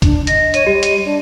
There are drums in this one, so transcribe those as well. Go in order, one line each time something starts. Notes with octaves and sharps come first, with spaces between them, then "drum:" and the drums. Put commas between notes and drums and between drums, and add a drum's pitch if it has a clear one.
D4, drum: kick, hi-hat
D#5 A#6, drum: hi-hat
C#5 D#7, drum: hi-hat
G3 G4
drum: hi-hat
D4 D5